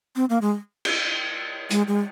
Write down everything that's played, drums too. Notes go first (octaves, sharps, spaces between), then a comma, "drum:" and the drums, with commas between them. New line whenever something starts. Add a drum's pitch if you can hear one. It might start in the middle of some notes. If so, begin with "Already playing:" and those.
C4
A#3
G#3
drum: cymbal
G#3, drum: hi-hat
G#3